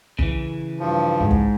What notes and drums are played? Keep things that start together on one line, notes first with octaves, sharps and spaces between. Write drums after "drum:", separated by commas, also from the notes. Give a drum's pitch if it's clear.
C#3 E3, drum: kick
G2 F3
G#2
drum: kick